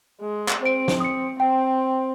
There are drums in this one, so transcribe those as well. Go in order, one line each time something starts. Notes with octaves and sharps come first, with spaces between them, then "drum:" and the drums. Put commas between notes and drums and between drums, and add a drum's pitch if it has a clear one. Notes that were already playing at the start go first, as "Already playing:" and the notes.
G#3
drum: clap
C4 C5 D7
drum: snare
D#6 C#7
C4 G5